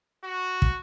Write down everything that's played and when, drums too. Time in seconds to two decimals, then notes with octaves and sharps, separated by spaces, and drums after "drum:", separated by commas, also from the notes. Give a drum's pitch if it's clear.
0.24 F#4
0.62 drum: kick